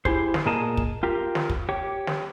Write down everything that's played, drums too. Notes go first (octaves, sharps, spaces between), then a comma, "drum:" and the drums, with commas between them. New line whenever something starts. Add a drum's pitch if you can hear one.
E4 G4 G#4 C5, drum: kick
drum: snare
A#2 G#4 A#4 D#5 A5
drum: kick
F4 G4 A#4
drum: snare
drum: kick
G4 C#5
drum: snare